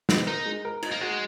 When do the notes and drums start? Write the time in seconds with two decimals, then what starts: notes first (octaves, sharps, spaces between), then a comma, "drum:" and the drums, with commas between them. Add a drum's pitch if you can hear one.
0.09 B3, drum: snare
0.27 D#4 A#4
0.46 G#3
0.65 A#4
0.82 D#4, drum: cymbal
0.92 A#3
1.01 G#3 F#4